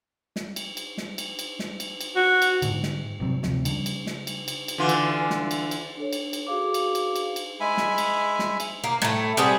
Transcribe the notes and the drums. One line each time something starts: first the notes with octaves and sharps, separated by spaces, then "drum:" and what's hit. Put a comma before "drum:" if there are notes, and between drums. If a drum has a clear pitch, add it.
drum: snare
drum: cymbal
drum: cymbal
drum: snare
drum: cymbal
drum: cymbal
drum: snare
drum: cymbal
drum: cymbal
F#4
drum: cymbal
G#2 D3, drum: cymbal
drum: snare
G1 C3 F#3 C4
D2 C3 F3 C4, drum: snare
C#3 G3 D4, drum: cymbal
drum: cymbal
drum: snare
drum: cymbal
drum: cymbal
drum: cymbal
D3 E3 F4
drum: cymbal
drum: snare
drum: cymbal
drum: cymbal
D4 A4 C#5
drum: cymbal
drum: cymbal
F#4 G#4 F5 D6
drum: cymbal
drum: cymbal
drum: cymbal
drum: cymbal
G#3 E5 G#5 B5
drum: snare
drum: cymbal
drum: snare
drum: cymbal
A#3
A2 A3, drum: snare
G3 B3 C4 G#4